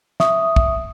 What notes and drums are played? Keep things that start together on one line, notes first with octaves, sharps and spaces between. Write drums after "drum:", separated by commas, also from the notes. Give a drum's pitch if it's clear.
E5 C#6 D#6, drum: snare
drum: kick